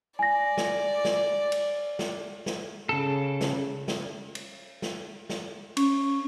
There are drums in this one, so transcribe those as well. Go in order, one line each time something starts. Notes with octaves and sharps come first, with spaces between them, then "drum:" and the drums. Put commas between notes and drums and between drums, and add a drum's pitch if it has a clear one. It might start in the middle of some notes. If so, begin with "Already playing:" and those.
D5 G#5 A#6
drum: snare
drum: snare
drum: cymbal
drum: snare
drum: snare
C#3 A4
drum: snare
drum: snare
drum: cymbal
drum: snare
drum: snare
C#4, drum: cymbal